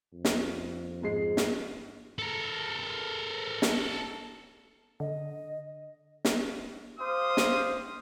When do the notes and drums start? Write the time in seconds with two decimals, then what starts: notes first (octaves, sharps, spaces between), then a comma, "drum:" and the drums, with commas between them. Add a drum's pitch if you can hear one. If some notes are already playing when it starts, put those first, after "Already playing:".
0.13 F2
0.25 drum: snare
1.02 G#2 G#3 C7
1.37 drum: snare
2.19 A4 A#4
3.62 drum: snare
5.00 D3 D#5
6.25 drum: snare
7.00 G4 C5 F5 D#6
7.37 drum: snare